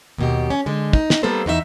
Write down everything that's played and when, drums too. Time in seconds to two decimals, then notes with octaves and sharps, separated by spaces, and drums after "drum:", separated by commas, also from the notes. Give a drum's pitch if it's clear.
0.18 D#2 B2 G4
0.50 C#4
0.66 D3 G#3
0.93 D#4, drum: kick
1.10 drum: snare
1.23 G3 A#3 B3 A4 C5
1.46 E2 D#4 F4 E5